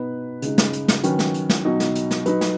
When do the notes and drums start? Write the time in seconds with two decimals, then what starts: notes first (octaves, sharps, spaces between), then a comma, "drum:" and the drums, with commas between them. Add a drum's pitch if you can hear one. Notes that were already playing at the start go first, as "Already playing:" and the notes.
Already playing: B2 B3 D#4 B4
0.42 C#3 G#3 D#4, drum: hi-hat
0.58 drum: snare
0.73 drum: hi-hat
0.88 drum: snare
1.04 D#3 F#3 C#4 B4, drum: hi-hat
1.19 drum: snare
1.34 drum: hi-hat
1.50 drum: snare
1.65 B2 F#3 D#4
1.80 drum: snare
1.95 drum: hi-hat
2.11 drum: snare
2.26 F#3 D#4 B4, drum: hi-hat
2.41 drum: snare